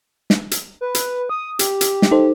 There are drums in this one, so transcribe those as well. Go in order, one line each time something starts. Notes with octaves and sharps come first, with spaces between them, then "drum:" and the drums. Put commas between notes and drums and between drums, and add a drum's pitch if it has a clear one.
drum: snare
drum: hi-hat
B4
drum: hi-hat
D#6
G4, drum: hi-hat
drum: hi-hat
drum: snare
D#4 A4 C5